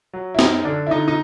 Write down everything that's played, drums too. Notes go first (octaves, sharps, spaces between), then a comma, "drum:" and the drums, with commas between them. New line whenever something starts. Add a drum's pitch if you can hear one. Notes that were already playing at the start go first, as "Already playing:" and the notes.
F#3
E4
F#2 D#4, drum: snare
D3 D4
E4
D3 D#4
D#4